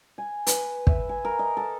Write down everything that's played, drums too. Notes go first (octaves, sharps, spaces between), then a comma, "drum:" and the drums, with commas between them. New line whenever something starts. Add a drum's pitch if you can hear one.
G#5
B4, drum: hi-hat
E5, drum: kick
G#5
A#4
D#5
A4